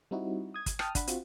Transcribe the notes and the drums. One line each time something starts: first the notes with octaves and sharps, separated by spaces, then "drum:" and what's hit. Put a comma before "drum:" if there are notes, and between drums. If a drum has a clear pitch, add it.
G3 C4 D#4 E4 F#4
D#6 G#6
drum: kick, hi-hat
G5 A5 D#6 F6, drum: rim click
D4 F#5 B5, drum: kick, hi-hat
C4 F4 F#4, drum: hi-hat